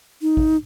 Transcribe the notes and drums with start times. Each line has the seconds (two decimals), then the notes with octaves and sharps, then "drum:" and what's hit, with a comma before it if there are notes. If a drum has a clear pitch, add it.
0.22 D#4
0.37 drum: kick A1